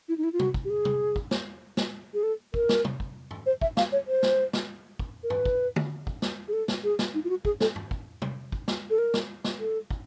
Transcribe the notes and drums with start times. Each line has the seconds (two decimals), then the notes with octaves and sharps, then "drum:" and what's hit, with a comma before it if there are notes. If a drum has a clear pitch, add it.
0.09 E4
0.18 D#4
0.24 E4
0.33 F4
0.39 F#4, drum: tom C3
0.54 drum: kick
0.65 G4
0.70 G#4
0.85 drum: tom C3
1.16 drum: kick
1.31 drum: snare
1.77 drum: snare
2.14 G#4
2.23 A4
2.54 A#4, drum: kick
2.69 drum: snare
2.85 drum: tom C3
3.00 drum: kick
3.31 drum: tom G2
3.46 C5
3.61 E5, drum: kick
3.77 F5, drum: snare
3.92 C#5
4.07 C5
4.23 drum: snare
4.53 drum: snare
4.99 drum: kick
5.23 A#4
5.30 B4, drum: tom G2
5.45 drum: kick
5.76 drum: tom
6.07 drum: kick
6.22 drum: snare
6.48 G#4
6.53 A4
6.68 drum: snare
6.84 G#4
6.99 drum: snare
7.14 D#4
7.24 F4
7.30 F#4
7.45 G#4, drum: kick
7.60 A4, drum: snare
7.76 drum: tom G2
7.91 drum: kick
8.22 drum: tom C3
8.52 drum: kick
8.68 drum: snare
8.90 A4
8.98 A#4
9.14 drum: snare
9.44 drum: snare
9.59 A4
9.91 drum: kick